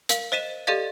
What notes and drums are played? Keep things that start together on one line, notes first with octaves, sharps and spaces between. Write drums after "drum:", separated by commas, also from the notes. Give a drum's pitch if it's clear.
A#4 F5, drum: hi-hat
C5 D#5 B6 D#7 E7
G4 A4 D5 D#5 F5 A6